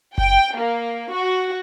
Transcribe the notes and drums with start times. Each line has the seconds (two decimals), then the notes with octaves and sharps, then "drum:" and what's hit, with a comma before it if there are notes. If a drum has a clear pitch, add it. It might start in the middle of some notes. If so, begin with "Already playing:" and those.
0.18 G5, drum: kick F#1
0.55 A#3
1.12 F#4